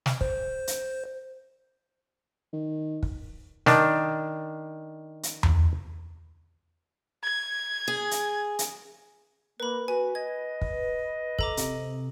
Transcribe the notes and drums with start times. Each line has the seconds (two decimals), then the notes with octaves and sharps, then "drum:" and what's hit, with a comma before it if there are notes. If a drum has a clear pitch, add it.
0.06 drum: snare
0.21 C5, drum: kick
0.67 drum: hi-hat
2.53 D#3
3.03 drum: kick
3.66 D#3 D4, drum: snare
5.23 drum: hi-hat
5.43 drum: tom E2
7.24 G#6
7.88 G#4
8.11 drum: hi-hat
8.59 drum: hi-hat
9.60 A#3 A#4 B4 B5
9.88 F#4 B4 G#5
10.15 D#5 G#6
10.61 drum: kick
11.39 A4 A#5 D6, drum: kick
11.57 C3, drum: hi-hat